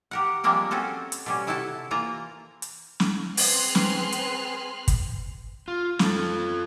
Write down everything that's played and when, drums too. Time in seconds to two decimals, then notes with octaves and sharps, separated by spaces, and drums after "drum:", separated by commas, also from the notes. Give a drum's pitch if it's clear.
0.11 G4 A#4 F#5
0.44 F3 G3 G#3 A#3 C4 G4
0.71 C4 C#4 F#4 A4 C5
1.12 drum: hi-hat
1.26 B2 G3 C#4
1.47 C3 E4 F#4 A4 A5
1.91 E3 A#3 F4 A#5
2.62 drum: hi-hat
3.00 drum: snare
3.37 C4 G#4 B4 C6 F6 F#6, drum: open hi-hat
3.75 drum: snare
4.12 drum: hi-hat
4.88 drum: kick, hi-hat
5.68 F4
5.99 F4 A4, drum: snare